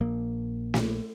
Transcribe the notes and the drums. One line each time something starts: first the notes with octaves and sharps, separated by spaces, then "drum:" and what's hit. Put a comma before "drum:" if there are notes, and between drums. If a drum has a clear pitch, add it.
A#1 A#3
drum: snare